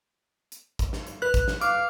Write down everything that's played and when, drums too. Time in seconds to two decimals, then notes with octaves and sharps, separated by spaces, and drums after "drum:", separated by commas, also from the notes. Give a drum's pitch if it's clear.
0.52 drum: hi-hat
0.79 drum: kick, hi-hat
0.93 drum: snare
1.07 drum: hi-hat
1.22 B4 F#6
1.34 drum: kick, hi-hat
1.48 drum: snare
1.61 F5 D6, drum: hi-hat